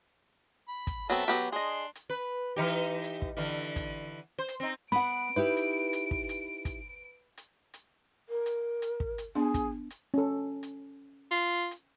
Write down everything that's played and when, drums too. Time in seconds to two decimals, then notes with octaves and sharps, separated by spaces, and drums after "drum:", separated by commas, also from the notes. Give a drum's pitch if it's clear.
0.69 B5
0.87 drum: kick, hi-hat
1.10 F#3 B3 C4 A4 E5
1.28 F#3 B3 G4
1.52 D4 G#4 D#5 C6
1.95 drum: hi-hat
2.10 B4
2.56 E3 D#4 G4
2.68 drum: hi-hat
3.04 drum: hi-hat
3.22 drum: kick
3.37 D3 E3
3.76 drum: kick, hi-hat
4.39 C5
4.48 drum: hi-hat
4.60 C4 D#4
4.92 B3 F#5 B5 D7
5.36 D#4 E4 G4 B4
5.57 drum: hi-hat
5.93 drum: hi-hat
6.11 drum: kick
6.29 drum: hi-hat
6.65 drum: kick, hi-hat
7.37 drum: hi-hat
7.74 drum: hi-hat
8.29 A#4
8.46 drum: hi-hat
8.82 drum: hi-hat
9.00 drum: kick
9.18 drum: hi-hat
9.35 B3 D4 G#4
9.54 drum: kick, hi-hat
9.90 drum: hi-hat
10.14 C#4 A4
10.63 drum: hi-hat
11.31 F4
11.71 drum: hi-hat